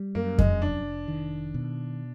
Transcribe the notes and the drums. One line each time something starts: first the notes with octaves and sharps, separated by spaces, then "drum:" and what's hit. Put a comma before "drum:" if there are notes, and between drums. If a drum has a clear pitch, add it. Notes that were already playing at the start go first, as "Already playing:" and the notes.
Already playing: G3
F#2 A#3
G#3, drum: kick F2
F1 D4
D#3
B2